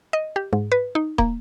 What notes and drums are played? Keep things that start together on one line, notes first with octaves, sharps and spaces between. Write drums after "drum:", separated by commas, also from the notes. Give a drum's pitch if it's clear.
D#5
G4
G#2
B4
D#4
A#3, drum: kick